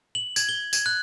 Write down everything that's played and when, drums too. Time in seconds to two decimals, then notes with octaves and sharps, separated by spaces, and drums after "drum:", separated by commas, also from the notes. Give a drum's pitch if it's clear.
0.15 F#7
0.36 G#6, drum: tambourine
0.49 G7
0.73 G#6, drum: tambourine
0.86 F#6